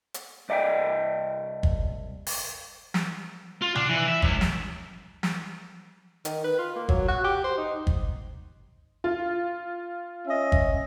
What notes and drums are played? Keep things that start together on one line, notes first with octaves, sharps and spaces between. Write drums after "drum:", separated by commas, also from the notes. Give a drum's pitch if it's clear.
drum: hi-hat
C2 D5 D#5 G5
drum: kick G1
drum: open hi-hat
drum: snare
F4
D4, drum: tom C3
E3
E5
C#2, drum: kick G1
drum: snare
drum: snare
D#3, drum: hi-hat
B4
F4
A#3
F#3, drum: kick G1
F#4
G4
C5
D#4
drum: kick G1
F4
C#4 D#5 E5
drum: kick G1